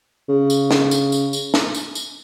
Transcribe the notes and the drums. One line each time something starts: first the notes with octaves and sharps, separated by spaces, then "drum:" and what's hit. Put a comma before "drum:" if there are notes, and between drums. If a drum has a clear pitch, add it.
C#3
drum: tambourine
drum: snare
drum: tambourine
drum: tambourine
drum: tambourine
drum: snare
drum: tambourine
drum: tambourine